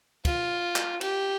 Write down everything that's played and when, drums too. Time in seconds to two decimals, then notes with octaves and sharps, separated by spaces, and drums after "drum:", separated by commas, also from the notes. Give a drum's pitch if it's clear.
0.25 F4, drum: kick, cymbal
0.76 drum: clap
1.01 G4, drum: cymbal